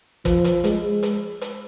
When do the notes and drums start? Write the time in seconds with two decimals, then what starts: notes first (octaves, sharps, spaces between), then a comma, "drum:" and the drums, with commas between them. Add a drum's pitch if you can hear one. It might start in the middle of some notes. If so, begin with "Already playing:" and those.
0.25 F3, drum: kick, hi-hat
0.44 drum: hi-hat
0.64 G#3, drum: hi-hat
1.03 drum: hi-hat
1.41 drum: hi-hat